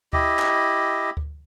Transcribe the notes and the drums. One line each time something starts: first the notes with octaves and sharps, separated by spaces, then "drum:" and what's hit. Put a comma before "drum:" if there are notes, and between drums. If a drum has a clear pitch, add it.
E4 G4 D#5, drum: kick D2
drum: clap
drum: kick D2